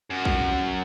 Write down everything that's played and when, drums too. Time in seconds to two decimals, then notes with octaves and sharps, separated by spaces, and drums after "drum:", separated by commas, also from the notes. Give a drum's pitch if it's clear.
0.10 F#2
0.25 drum: kick A#1